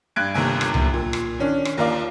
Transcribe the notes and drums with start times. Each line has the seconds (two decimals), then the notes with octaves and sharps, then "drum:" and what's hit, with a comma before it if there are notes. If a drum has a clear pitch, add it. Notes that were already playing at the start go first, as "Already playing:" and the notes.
0.16 G2 F#6 G#6 D7
0.34 G1 D#2 C3 G#5
0.61 drum: rim click
0.74 drum: tom C2
0.94 A#2
1.13 drum: rim click
1.39 D#3 C#4 D4
1.65 drum: rim click
1.77 D#2 F4 A#4 D5 F5